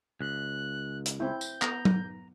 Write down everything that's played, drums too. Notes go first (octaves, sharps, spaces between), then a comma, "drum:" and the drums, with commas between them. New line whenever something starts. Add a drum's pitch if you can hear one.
C#2 F#6
drum: hi-hat
C4 E4 G6
drum: tambourine
B3 A#5, drum: clap
drum: tom F#3